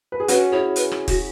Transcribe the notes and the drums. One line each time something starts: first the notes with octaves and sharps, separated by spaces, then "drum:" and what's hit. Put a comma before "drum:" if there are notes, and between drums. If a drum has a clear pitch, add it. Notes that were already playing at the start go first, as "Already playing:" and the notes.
B4
G#4
C#4 F#4 B4, drum: hi-hat
E4 G#4 C#5
B4, drum: hi-hat
drum: rim click
F#4, drum: kick, open hi-hat